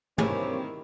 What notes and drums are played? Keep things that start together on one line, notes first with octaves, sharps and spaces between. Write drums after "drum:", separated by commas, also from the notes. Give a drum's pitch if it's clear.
G2 D#3 A#3 C4 E4 G4 G#4 C#5, drum: tom